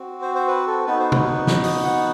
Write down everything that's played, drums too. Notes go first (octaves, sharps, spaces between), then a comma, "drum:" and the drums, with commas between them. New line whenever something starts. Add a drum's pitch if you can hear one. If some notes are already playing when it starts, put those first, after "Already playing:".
Already playing: C4 F#4
C5
C5
B4
A4
B3 D#4 F#4 B4
C5
B4, drum: tom C3
drum: snare
D#5, drum: open hi-hat
F#5